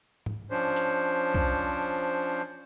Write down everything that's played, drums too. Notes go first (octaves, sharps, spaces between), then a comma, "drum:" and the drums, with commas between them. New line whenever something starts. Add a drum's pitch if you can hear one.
drum: tom G#2
F3 C#4 D4 C5
drum: hi-hat
drum: kick